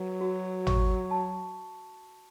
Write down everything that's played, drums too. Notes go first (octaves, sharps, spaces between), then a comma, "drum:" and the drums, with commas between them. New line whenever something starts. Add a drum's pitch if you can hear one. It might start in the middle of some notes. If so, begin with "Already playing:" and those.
Already playing: F#3 B4
F#4
C#6, drum: tom G#1
A5